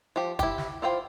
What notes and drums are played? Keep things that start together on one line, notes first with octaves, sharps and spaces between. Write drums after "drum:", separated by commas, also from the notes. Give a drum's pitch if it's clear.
F3 G4
E4 G4, drum: kick, hi-hat
drum: snare
E4 F4 C5 G5